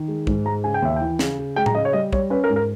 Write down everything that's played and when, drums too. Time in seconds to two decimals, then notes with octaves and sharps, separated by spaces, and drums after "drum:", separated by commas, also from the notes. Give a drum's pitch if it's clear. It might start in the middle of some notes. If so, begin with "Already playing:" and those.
Already playing: D#3
0.08 G#3
0.27 G#2, drum: kick
0.45 G#3 A#5
0.64 C#3 G#5
0.74 G5
0.82 D#2 E5
0.96 E3 G5
1.19 C#3, drum: snare
1.39 C#3
1.56 G#3 G5
1.66 A#5, drum: tom A2
1.75 C#3 D#5
1.85 C#5
1.93 G3 D#5
2.13 G3 C#5, drum: kick
2.30 C#4 B4
2.44 A#4
2.50 G#2
2.56 A#4